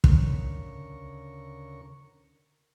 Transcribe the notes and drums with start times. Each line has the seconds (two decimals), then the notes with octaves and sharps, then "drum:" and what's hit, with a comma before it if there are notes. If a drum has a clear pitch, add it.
0.04 D2 C#3 A#4 C#6, drum: kick